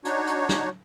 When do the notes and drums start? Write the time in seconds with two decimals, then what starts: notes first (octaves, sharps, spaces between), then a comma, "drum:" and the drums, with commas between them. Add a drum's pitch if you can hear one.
0.05 D4 D#4 F#4 C#5, drum: hi-hat
0.27 drum: hi-hat
0.49 drum: snare